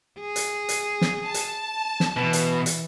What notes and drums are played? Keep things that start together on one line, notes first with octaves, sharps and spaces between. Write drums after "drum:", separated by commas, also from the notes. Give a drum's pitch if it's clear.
G#4
drum: hi-hat
drum: hi-hat
drum: snare
A5
drum: hi-hat
drum: snare
B2 E3
drum: hi-hat
drum: hi-hat